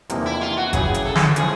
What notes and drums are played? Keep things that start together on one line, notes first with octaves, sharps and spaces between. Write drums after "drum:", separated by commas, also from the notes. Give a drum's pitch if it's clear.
E2 C3 F3 A#3 D#4, drum: hi-hat
E4
F4
F#4
C#3 F#3 B3 E4 G4 G#4, drum: kick G1, hi-hat
drum: hi-hat
A4
drum: snare
F3 G#3 C#4 E4 G#4, drum: hi-hat